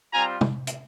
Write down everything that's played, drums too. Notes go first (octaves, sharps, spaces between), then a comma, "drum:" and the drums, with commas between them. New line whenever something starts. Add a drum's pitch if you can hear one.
G3 C4 F4 G#5 A#5
drum: tom
drum: hi-hat